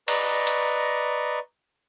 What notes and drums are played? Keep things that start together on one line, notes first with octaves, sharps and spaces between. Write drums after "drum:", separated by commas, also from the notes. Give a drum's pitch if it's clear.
B4 D5 D#5 A#5 C#6, drum: cymbal
drum: hi-hat